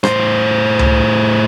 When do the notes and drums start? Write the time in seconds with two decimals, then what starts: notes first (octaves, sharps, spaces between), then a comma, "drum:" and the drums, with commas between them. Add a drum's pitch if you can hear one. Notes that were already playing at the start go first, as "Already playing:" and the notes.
0.04 A2 C5, drum: rim click
0.79 drum: tom C#2